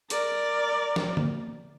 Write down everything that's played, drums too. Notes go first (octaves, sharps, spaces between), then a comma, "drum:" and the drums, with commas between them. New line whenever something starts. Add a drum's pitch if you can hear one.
A#4 D5, drum: hi-hat
drum: snare
drum: tom D3